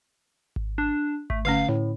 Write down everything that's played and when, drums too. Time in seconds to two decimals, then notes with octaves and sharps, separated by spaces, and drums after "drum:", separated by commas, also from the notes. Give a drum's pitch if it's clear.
0.56 drum: kick G#1
0.78 D4
1.30 A3, drum: kick G#1
1.45 D3 A3 C#4 F5
1.69 A2